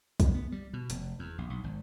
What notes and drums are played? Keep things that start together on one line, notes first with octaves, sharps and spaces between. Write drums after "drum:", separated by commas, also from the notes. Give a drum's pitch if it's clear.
F2, drum: kick B1, hi-hat
B3
G3
B2
F1, drum: hi-hat
E2
A#1
B1
G#1